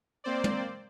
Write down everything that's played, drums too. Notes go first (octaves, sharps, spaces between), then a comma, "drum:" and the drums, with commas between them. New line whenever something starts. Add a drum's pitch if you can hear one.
A#3 C4 C5 D5
drum: tom